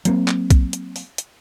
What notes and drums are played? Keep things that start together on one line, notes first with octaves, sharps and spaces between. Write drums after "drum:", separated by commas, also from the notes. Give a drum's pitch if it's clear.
F#3 A#3 C4, drum: hi-hat
drum: clap
drum: kick B1, hi-hat
drum: hi-hat
drum: open hi-hat
drum: hi-hat